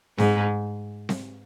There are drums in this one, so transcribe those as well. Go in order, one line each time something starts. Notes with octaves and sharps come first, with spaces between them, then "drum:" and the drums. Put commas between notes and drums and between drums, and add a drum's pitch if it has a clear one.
G#2, drum: snare C4
drum: snare C4